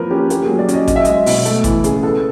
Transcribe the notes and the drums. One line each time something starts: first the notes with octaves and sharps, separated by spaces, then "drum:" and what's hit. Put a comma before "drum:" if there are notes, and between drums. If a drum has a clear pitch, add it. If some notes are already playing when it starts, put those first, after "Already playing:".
Already playing: F3 A#3 C4 A#4 B4
C#4 G4
A#3 G4, drum: hi-hat
F#3 G#4
D5
C#4, drum: hi-hat
D#5
C#4 D#5, drum: kick G#1, hi-hat
E5
G#3 D#5, drum: hi-hat
B2, drum: open hi-hat
A3 A4, drum: hi-hat
E3, drum: kick G#1, hi-hat
C#3 G#4, drum: hi-hat
B3 A4